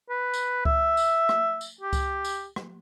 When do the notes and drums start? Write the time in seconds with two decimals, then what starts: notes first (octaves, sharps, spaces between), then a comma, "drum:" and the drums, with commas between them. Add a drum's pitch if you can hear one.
0.10 B4
0.34 drum: tambourine
0.65 E5, drum: kick C#2
0.97 drum: tambourine
1.29 drum: rim click
1.61 drum: tambourine
1.81 G4
1.93 drum: kick C#2, tambourine
2.25 drum: tambourine
2.56 drum: rim click